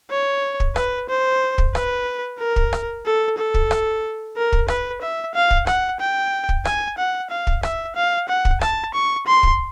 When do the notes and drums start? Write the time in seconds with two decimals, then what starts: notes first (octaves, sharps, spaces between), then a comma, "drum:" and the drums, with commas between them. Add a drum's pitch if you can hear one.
0.11 C#5
0.60 drum: kick
0.76 B4, drum: rim click
1.09 C5
1.58 drum: kick
1.75 B4, drum: rim click
2.40 A#4
2.56 drum: kick
2.73 drum: rim click
3.06 A4
3.38 A4
3.54 drum: kick
3.71 drum: rim click
4.37 A#4
4.53 drum: kick
4.68 B4, drum: rim click
5.02 E5
5.35 F5
5.51 drum: kick
5.67 F#5, drum: rim click
6.00 G5
6.49 drum: kick
6.65 G#5, drum: rim click
6.98 F#5
7.30 F5
7.47 drum: kick
7.63 E5, drum: rim click
7.96 F5
8.29 F#5
8.45 drum: kick
8.61 A5, drum: rim click
8.94 C#6
9.27 C6
9.43 drum: kick